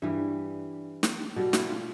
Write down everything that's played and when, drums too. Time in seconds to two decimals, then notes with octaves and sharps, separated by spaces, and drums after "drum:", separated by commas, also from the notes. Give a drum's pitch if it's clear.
0.02 G2 E3 G3 E5
1.03 drum: snare
1.36 B2 G3 A4
1.53 E4, drum: snare
1.69 F4